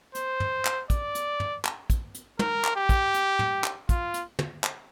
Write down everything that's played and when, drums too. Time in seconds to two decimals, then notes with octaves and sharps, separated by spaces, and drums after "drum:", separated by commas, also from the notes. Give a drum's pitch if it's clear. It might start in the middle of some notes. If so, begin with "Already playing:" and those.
0.15 C5, drum: hi-hat
0.40 drum: tom
0.65 drum: clap
0.90 D5, drum: kick, hi-hat
1.15 drum: hi-hat
1.40 drum: tom
1.65 drum: clap
1.90 drum: kick, hi-hat
2.15 drum: hi-hat
2.39 A#4, drum: tom
2.64 drum: clap
2.76 G4
2.89 drum: kick, hi-hat
3.14 drum: hi-hat
3.39 drum: tom
3.64 drum: clap
3.89 F4, drum: kick, hi-hat
4.14 drum: hi-hat
4.39 drum: tom
4.64 drum: clap